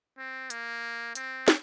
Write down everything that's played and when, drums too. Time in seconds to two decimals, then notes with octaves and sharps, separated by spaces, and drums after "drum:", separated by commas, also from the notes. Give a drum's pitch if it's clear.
0.18 C4
0.50 A#3, drum: hi-hat
1.15 C4, drum: hi-hat
1.48 drum: snare